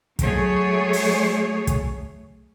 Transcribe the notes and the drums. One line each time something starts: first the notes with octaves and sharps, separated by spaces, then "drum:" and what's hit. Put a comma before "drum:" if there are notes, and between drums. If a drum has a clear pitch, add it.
F#3 A3 G#4 C#5, drum: kick, hi-hat
drum: open hi-hat
drum: kick, hi-hat